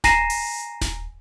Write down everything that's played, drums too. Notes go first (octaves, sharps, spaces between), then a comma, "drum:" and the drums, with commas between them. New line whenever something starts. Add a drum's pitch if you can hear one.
G#5 A#5 A#6 C7 D#7 E7, drum: snare D#1
drum: open hi-hat
drum: snare D#1